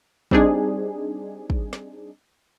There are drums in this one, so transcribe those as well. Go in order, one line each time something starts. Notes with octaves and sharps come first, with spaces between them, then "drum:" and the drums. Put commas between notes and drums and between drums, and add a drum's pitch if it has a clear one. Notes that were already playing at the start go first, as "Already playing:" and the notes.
G3 C4 D4 D#4 G#4, drum: kick
drum: kick
drum: snare